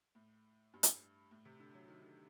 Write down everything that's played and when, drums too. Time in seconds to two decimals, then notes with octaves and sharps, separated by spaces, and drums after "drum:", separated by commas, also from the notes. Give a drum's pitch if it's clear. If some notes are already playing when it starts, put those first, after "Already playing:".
0.15 A2
0.74 G2
0.83 drum: hi-hat
1.31 A2
1.45 C3
1.60 D3
1.74 F#3
1.88 D#3
2.02 D3